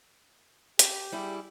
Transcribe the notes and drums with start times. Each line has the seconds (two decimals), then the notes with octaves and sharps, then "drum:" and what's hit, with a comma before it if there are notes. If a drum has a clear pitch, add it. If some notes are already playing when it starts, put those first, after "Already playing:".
0.79 G4, drum: hi-hat
1.12 G3 E4 G#4